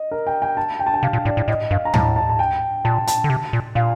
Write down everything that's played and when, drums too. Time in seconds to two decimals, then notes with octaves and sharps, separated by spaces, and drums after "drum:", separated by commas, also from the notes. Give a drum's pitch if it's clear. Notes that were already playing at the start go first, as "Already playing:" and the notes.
Already playing: D#5
0.11 A#4
0.27 G5
0.42 G5
0.57 A5
0.79 G5
0.87 A5
0.94 G5
1.03 C3 F5
1.13 A#2
1.25 A2 D5
1.37 A2
1.48 A2 D#5
1.71 G2 F5
1.85 A#5
1.94 A2 A5, drum: tom
2.16 A5
2.29 A5
2.39 G5
2.85 A#2 A5
3.07 A5, drum: hi-hat
3.24 D3
3.30 C3
3.53 A#2
3.75 A#2 F5